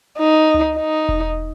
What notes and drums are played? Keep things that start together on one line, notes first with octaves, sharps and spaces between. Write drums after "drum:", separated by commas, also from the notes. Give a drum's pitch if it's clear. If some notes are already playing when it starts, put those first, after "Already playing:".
D#4
drum: tom C#2
D#4
drum: kick E1